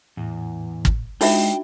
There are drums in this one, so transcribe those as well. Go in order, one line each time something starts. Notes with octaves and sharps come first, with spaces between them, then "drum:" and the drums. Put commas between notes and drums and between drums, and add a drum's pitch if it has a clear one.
E2 A2
drum: kick
G#3 D4 D#4 F4 F#4 E5 G5, drum: open hi-hat